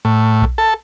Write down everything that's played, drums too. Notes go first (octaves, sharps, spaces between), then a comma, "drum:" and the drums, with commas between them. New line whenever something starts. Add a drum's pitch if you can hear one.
A2
drum: kick B1
A4